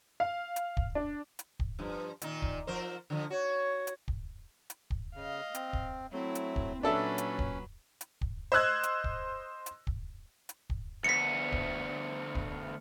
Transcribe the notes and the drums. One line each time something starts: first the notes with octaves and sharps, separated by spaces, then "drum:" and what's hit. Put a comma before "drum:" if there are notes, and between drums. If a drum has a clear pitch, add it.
F5
drum: hi-hat
drum: kick
D4
drum: hi-hat
drum: kick
G2 F3
A#2 D#3 D#4, drum: hi-hat
drum: kick
F3 A#4 C5
D3 F3
F#4 C#5
drum: hi-hat
drum: kick
drum: hi-hat
drum: kick
C#3 D#5 F5
C4, drum: hi-hat
drum: kick
F#3 A3 C4 E4
drum: hi-hat
drum: kick
A#2 F#3 C#4 D4 A4 B4 E5
drum: hi-hat
drum: kick
drum: hi-hat
drum: kick
C5 D#5 E6 F#6 G#6
drum: hi-hat
drum: kick
drum: hi-hat
drum: kick
drum: hi-hat
drum: kick
D2 B3 B6 C#7
drum: kick
drum: kick